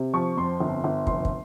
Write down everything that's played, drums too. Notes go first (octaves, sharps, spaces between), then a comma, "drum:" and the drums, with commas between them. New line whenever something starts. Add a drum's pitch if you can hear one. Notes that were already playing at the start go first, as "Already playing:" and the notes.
Already playing: C3
F3 C#6
F2 C6
G1
G1
F1 C6, drum: kick
drum: kick